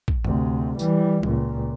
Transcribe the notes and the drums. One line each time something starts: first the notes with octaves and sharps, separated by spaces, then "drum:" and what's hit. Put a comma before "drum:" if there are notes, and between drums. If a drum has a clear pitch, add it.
drum: kick
D2 C3, drum: tom G2
E3 G3, drum: tambourine
C#2 A#2, drum: tom